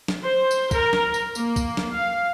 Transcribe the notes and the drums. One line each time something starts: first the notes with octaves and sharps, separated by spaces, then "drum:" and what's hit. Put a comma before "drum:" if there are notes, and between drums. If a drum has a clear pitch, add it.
drum: snare
C5
drum: tambourine
A#4, drum: kick, tambourine
drum: snare
drum: tambourine
A#3, drum: tambourine
drum: kick, tambourine
drum: snare
F5